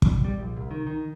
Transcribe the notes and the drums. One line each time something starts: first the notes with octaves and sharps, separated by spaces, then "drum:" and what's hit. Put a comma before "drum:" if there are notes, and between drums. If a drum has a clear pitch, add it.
D#1, drum: kick
G3
A#1
C2
D#3
D#3